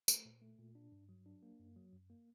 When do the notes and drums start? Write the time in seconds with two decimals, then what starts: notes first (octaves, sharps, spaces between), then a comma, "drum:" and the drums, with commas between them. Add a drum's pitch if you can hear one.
0.08 A3, drum: tambourine
0.25 A#2
0.42 A3
0.58 A#2
0.75 D4
0.92 G2
1.09 F#3
1.26 D4
1.43 A#3
1.59 F#2
1.76 F#3
1.93 F#2
2.10 A#3